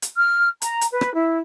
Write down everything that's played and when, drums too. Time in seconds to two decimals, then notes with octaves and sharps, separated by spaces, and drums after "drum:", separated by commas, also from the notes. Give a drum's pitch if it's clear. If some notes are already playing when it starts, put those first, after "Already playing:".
0.02 drum: hi-hat
0.17 F6
0.62 A#5, drum: hi-hat
0.81 drum: hi-hat
0.91 B4
1.01 drum: rim click
1.14 E4